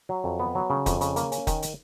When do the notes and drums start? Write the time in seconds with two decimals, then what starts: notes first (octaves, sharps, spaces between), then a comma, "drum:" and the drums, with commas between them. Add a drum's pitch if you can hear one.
0.09 F#3
0.24 F2
0.39 B3
0.55 F#3
0.70 C#3
0.86 F2, drum: kick, hi-hat
1.01 C#3, drum: hi-hat
1.16 A#3, drum: hi-hat
1.32 C#4, drum: hi-hat
1.47 D#3, drum: kick, hi-hat
1.62 drum: hi-hat